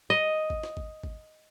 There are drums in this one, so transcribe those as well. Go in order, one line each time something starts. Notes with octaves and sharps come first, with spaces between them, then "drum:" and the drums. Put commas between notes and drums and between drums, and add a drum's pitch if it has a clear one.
D#5
drum: kick G#1
drum: snare
drum: kick G#1
drum: kick G#1